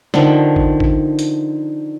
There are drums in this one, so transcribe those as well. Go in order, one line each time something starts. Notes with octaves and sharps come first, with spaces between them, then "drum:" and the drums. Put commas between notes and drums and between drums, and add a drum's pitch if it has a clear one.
D3 D#3 F3, drum: snare
drum: kick G#1
drum: kick G#1
drum: hi-hat